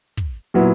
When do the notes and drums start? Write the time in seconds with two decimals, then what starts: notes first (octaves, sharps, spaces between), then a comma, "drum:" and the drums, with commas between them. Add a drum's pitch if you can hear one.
0.17 drum: kick
0.54 A#2 F#3 B3 E4